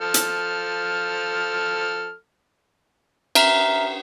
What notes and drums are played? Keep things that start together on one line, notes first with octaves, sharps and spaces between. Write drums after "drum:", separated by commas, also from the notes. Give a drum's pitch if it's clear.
F3 A4 F6
drum: hi-hat
E5 A#5 F6 B6, drum: cymbal